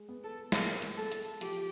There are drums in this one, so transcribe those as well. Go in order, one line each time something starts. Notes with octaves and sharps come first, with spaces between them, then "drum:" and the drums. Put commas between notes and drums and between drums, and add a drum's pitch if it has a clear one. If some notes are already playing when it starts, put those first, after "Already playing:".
Already playing: G#3
B3
A4
G#3 A#4, drum: snare
drum: hi-hat
G#3 A4
drum: hi-hat
F3 G4, drum: hi-hat